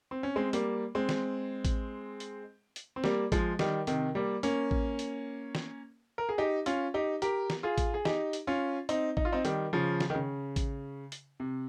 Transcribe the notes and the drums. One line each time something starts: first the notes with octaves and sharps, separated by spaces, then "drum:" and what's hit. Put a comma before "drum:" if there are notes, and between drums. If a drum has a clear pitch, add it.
C4
C#4
G#3 C4
G3 A#3, drum: hi-hat
G#3 C4
drum: snare
drum: kick A1, hi-hat
drum: hi-hat
drum: hi-hat
C4
G3 A#3, drum: snare
F3 G#3, drum: kick A1, hi-hat
D#3 G3, drum: snare
C3 D#3, drum: hi-hat
G3 A#3
A#3 C#4, drum: hi-hat
drum: kick A1
drum: hi-hat
drum: snare
A#4
G#4
D#4 G4
C#4 F4, drum: hi-hat
D#4 G4
G4 A#4, drum: hi-hat
drum: snare
F4 G#4
drum: kick A1, hi-hat
G#4
D#4 G4, drum: snare
drum: hi-hat
C#4 F4
C4 D#4, drum: hi-hat
D#4, drum: kick A1
F4
C4 D#4
D#3 G3, drum: hi-hat
C#3 F3
drum: snare
D#3
C#3
drum: kick A1, hi-hat
drum: hi-hat
C3